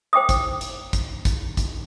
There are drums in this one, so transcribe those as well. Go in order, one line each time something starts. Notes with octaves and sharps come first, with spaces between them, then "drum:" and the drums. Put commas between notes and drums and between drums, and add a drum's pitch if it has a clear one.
C5 G5 D6 D#6
drum: kick, hi-hat
drum: hi-hat
drum: kick, hi-hat
drum: kick, hi-hat
drum: kick, hi-hat